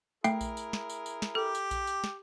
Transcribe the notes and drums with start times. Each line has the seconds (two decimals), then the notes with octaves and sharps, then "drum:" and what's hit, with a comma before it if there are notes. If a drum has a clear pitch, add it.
0.24 A3 E4 G#4 A#4 G5 C7, drum: tambourine
0.41 drum: kick A#1, tambourine
0.57 drum: tambourine
0.73 drum: snare
0.90 drum: tambourine
1.06 drum: tambourine
1.22 drum: snare
1.35 G4 A4
1.55 drum: tambourine
1.71 drum: kick A#1, tambourine
1.87 drum: tambourine
2.04 drum: snare